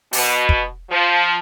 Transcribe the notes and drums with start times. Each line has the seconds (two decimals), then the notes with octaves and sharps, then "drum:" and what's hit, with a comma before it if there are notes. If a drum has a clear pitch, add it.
0.13 B2, drum: open hi-hat
0.49 drum: kick
0.90 F3